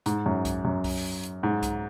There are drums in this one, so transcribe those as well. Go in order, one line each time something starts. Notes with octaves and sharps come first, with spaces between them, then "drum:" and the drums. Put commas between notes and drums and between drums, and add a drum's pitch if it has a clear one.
G#2, drum: hi-hat
F#2
drum: kick C2, hi-hat
F#2
drum: kick C2, open hi-hat
drum: open hi-hat
drum: hi-hat
G#2
drum: kick C2, hi-hat